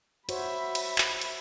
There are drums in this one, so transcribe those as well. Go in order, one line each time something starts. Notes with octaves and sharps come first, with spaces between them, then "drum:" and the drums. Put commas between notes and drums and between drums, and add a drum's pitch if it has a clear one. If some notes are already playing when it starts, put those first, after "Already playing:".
F#4 C5 C#5 E5 B5, drum: cymbal
drum: cymbal
drum: clap
drum: cymbal